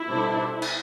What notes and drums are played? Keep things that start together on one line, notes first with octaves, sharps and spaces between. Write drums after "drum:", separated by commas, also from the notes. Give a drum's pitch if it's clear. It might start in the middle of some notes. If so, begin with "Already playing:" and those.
Already playing: E4
B2 G3 D4 A4 C5
drum: cymbal